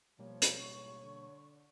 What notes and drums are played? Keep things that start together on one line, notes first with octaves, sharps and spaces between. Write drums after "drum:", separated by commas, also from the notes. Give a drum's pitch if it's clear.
B2 F3 G3 A#3 C#5
drum: hi-hat
A1 D#2 G#2 C#6
D3